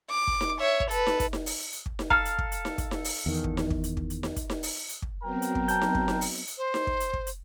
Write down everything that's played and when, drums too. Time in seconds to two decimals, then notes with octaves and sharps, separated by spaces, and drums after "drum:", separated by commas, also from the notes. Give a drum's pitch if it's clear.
0.10 D6
0.27 drum: kick
0.41 drum: snare D#4
0.60 C#5 E5
0.80 drum: kick
0.91 A4 B4, drum: hi-hat
1.07 drum: snare D#4
1.20 drum: kick, hi-hat
1.33 drum: snare D#4
1.46 drum: open hi-hat
1.73 drum: hi-hat
1.86 drum: kick
1.99 drum: snare D#4
2.10 A4 F5 A#5 F6, drum: kick
2.25 drum: hi-hat
2.38 drum: kick
2.52 drum: hi-hat
2.65 drum: snare D#4
2.78 drum: kick, hi-hat
2.91 drum: snare D#4
3.04 drum: open hi-hat
3.26 E2 D#3
3.44 drum: kick
3.57 drum: snare D#4
3.70 drum: kick
3.84 drum: hi-hat
3.97 drum: kick
4.10 drum: hi-hat
4.23 drum: snare D#4
4.36 drum: kick, hi-hat
4.50 drum: snare D#4
4.63 drum: open hi-hat
4.89 drum: hi-hat
5.02 drum: kick
5.23 F#3 B3 C4 A#4 G5 A#5
5.42 drum: hi-hat
5.55 drum: kick
5.68 A5 G6, drum: hi-hat
5.82 drum: snare D#4
5.95 drum: kick
6.08 drum: snare D#4
6.21 drum: open hi-hat
6.47 drum: hi-hat
6.58 C5
6.74 drum: snare D#4
6.87 drum: kick
7.00 drum: hi-hat
7.13 drum: kick
7.27 drum: hi-hat